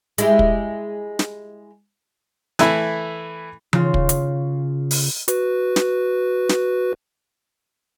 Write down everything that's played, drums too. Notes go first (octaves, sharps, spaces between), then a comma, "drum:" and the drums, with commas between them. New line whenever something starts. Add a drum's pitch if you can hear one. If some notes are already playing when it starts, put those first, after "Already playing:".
G#3 E4 G4, drum: hi-hat
drum: kick
drum: snare
E3 A3 E4 B5, drum: snare
C#3 F4, drum: tom E3
drum: kick
drum: hi-hat
drum: open hi-hat
F#4 B4, drum: hi-hat
drum: snare
drum: snare